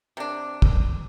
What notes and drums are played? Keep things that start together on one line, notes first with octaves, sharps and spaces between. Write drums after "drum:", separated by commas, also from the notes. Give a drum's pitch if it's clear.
C3 D4
drum: kick